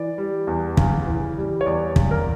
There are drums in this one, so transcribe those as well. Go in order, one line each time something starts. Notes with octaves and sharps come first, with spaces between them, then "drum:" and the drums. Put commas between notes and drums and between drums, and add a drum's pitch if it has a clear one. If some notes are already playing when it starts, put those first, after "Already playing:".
Already playing: E3 D5
G3
E2
C#3, drum: kick
E3
G3
C#5
E2 D5
C#3, drum: kick
A#4